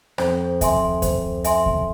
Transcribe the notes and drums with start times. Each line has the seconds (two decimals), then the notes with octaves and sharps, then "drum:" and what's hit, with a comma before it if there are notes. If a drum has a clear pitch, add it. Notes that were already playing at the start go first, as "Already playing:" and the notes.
0.18 F2 C5, drum: rim click
0.61 E5 G#5 C6, drum: kick D2, hi-hat
1.02 C5, drum: kick D2, hi-hat
1.44 E5 G#5 C6, drum: hi-hat
1.66 drum: kick D2